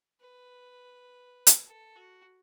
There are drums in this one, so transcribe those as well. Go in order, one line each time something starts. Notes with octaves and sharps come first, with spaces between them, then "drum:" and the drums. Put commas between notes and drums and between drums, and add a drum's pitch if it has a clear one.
B4
drum: hi-hat
A4
F#4